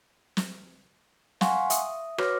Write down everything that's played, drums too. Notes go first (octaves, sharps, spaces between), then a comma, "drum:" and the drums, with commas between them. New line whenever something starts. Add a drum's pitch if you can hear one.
drum: snare
F5 F#5 G#5 C6 C#6, drum: snare
E5 D#6, drum: hi-hat
F#4 B4 C#5 D6 F6 A#6, drum: rim click